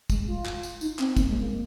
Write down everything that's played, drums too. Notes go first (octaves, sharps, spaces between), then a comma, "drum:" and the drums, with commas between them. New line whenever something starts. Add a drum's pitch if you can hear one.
G#3, drum: kick, tambourine
F4
drum: clap
drum: tambourine
D#4, drum: tambourine
C4, drum: clap
A#3, drum: kick, tambourine
G#3
A#3